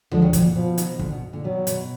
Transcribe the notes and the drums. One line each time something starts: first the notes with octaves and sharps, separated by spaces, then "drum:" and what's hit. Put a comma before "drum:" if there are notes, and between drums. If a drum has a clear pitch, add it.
D3 F3 G#3, drum: tom D2
D#3 F#3
D3 F3, drum: kick, hi-hat
A#2
B2 F3
B2 D#3, drum: hi-hat
A#2 D3, drum: kick
B2
A#2 D3
B2 D#3 F#3
B2, drum: hi-hat